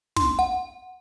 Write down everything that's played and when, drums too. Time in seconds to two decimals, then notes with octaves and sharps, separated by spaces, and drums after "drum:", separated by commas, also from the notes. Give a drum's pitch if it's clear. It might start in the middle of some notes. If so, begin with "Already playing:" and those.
0.16 C6, drum: snare
0.39 F#5